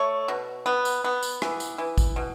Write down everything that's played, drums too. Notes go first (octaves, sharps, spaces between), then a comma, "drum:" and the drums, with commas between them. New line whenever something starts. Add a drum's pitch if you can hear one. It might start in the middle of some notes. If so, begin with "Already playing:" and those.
Already playing: A3 C#5
B2
B3
drum: tambourine
B3
drum: tambourine
E3, drum: rim click
drum: tambourine
E3
drum: kick, tambourine
B2